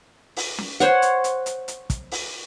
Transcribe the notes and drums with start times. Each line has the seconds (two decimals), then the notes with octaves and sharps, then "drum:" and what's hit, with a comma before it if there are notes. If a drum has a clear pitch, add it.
0.37 drum: open hi-hat
0.58 drum: snare
0.80 C5 C#5 F#5, drum: hi-hat
1.02 drum: hi-hat
1.24 drum: hi-hat
1.46 drum: hi-hat
1.68 drum: hi-hat
1.90 drum: kick, hi-hat
2.12 drum: open hi-hat